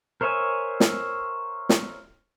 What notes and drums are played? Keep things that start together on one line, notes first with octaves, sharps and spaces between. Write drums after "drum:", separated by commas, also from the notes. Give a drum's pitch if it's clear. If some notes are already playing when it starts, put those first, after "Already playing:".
A#4 C5 C#5 E5 G#5
drum: snare
drum: snare